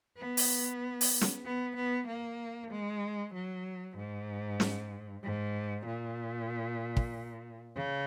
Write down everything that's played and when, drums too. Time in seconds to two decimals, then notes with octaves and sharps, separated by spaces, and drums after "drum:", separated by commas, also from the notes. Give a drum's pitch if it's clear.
0.17 B3
0.37 drum: open hi-hat
1.01 drum: open hi-hat
1.21 drum: snare
1.45 B3
1.76 B3
2.07 A#3
2.71 G#3
3.34 F#3
3.97 G#2
4.60 drum: snare
5.23 G#2
5.86 A#2
6.97 drum: kick
7.76 C#3